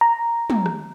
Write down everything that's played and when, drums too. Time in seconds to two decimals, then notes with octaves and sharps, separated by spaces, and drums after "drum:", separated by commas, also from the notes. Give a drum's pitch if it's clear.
0.01 A#5
0.50 drum: tom
0.66 drum: rim click